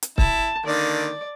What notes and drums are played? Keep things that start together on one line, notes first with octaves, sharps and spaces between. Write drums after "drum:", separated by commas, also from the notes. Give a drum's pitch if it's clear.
drum: hi-hat
E4 A5, drum: kick C#1
D3 D#3 A#3 D5